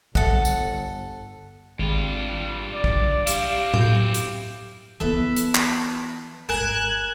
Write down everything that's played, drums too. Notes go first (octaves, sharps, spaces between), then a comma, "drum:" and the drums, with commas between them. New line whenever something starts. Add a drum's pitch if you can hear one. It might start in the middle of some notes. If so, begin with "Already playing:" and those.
G1 A4 F#5, drum: kick
drum: tambourine
G#1 G2 G3 F4
D5
drum: kick
C4 E4 G4 F5, drum: hi-hat
G6, drum: tom A2
drum: hi-hat
E3 B3 A4 B4 E5
drum: hi-hat
drum: clap
G#1 G2 A#4 G#5 A#5 F#6 G#6 E7